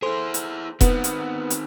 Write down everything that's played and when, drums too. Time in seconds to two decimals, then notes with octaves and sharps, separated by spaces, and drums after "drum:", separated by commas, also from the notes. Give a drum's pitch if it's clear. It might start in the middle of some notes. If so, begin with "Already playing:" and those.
0.02 E4 G#4 A4 C5 C6
0.34 drum: hi-hat
0.81 D#3 B3 C4, drum: kick E1, hi-hat
1.04 drum: hi-hat
1.50 drum: hi-hat